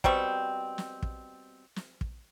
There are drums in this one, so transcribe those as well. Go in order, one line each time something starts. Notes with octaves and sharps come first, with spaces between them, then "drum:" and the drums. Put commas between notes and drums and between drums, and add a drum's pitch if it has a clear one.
B2 G3 C4 C#6, drum: kick
drum: snare
drum: kick
drum: snare
drum: kick